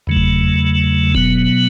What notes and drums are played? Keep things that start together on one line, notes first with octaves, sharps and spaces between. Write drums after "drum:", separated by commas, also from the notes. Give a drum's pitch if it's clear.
E2 C#3 F#3 A3
drum: kick F1
B2 F#3 B3, drum: kick F1